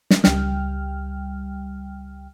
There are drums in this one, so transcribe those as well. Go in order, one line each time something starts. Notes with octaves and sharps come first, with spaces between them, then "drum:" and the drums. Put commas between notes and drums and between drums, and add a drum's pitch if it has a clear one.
drum: snare
C#2 G3 G5 F6, drum: snare